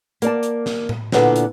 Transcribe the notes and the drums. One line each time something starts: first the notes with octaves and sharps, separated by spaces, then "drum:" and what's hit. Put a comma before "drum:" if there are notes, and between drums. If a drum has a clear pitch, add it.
A#3 D5 A5, drum: hi-hat
drum: hi-hat
drum: snare
drum: tom A2
A#2 D3 B3 D4 E4 A4, drum: snare
drum: hi-hat